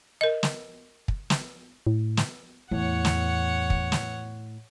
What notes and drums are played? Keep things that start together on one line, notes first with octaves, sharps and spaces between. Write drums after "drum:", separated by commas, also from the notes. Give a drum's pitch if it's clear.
A#4 D#5
drum: snare
drum: kick
drum: snare
A2
drum: snare
E2 A2 C#5 F#5
drum: snare
drum: kick
drum: snare